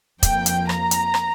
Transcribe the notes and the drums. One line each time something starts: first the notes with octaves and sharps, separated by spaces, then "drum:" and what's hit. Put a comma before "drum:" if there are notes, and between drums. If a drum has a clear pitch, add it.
F2 F3 A#3 G5, drum: kick, hi-hat
drum: hi-hat
A#5, drum: rim click
drum: hi-hat
drum: rim click